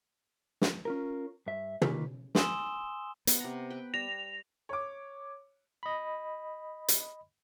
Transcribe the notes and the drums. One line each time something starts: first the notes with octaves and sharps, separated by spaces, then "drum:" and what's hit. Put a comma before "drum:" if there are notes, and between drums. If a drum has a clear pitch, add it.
drum: snare
C#4 F4 A#4
G2 E5
D#3 A#3 F4 B4, drum: tom
G#5 C6 D#6 E6 E7 G7, drum: snare
B3 F#5, drum: hi-hat
C3 A#5
B4 G5
G3 A#6 F7
C#5 D6
D#5 B5
drum: hi-hat